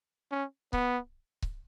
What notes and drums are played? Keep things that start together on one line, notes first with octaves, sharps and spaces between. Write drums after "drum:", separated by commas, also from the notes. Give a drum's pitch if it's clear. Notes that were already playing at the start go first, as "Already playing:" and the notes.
C#4
B3, drum: kick C#1
drum: kick C#1